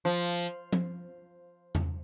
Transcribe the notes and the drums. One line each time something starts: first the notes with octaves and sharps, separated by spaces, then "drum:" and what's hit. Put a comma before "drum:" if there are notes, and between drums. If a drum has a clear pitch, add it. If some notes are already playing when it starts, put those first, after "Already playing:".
F3
drum: tom
drum: tom E2